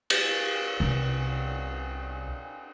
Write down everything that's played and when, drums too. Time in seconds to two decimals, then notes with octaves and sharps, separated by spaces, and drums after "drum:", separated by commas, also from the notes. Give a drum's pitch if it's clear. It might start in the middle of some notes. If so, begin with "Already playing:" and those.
0.10 drum: cymbal
0.80 C2 C3